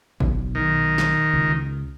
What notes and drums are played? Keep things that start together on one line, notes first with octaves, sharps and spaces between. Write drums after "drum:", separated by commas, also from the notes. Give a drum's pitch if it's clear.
B1, drum: kick
D#3
drum: snare
C#2